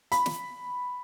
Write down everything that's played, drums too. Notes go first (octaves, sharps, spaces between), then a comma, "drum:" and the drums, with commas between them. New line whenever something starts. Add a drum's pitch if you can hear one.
B5, drum: hi-hat
drum: snare